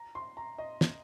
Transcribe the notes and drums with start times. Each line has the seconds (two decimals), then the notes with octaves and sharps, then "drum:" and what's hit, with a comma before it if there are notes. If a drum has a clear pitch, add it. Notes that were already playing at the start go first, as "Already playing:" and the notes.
Already playing: A#5
0.15 C6
0.37 A#5
0.58 D#5
0.81 drum: snare